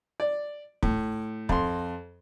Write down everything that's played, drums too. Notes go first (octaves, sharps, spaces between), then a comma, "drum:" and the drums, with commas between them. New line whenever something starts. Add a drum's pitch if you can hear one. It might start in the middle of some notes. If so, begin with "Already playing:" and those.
D5
A2, drum: kick
F2 C6, drum: kick